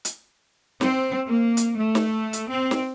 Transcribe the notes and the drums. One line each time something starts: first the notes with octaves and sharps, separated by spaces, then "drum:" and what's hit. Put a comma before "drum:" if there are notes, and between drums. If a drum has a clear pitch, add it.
drum: hi-hat
C4, drum: snare
A#3
drum: hi-hat
A3
drum: snare
drum: hi-hat
C4
drum: snare